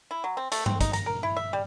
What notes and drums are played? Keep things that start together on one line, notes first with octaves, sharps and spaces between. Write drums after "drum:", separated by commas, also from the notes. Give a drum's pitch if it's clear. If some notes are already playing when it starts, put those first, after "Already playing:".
E4
F#3
C4
A3, drum: hi-hat
C4, drum: tom G2
D#4, drum: kick, hi-hat
A#5, drum: hi-hat
A#4
E4
E5
G3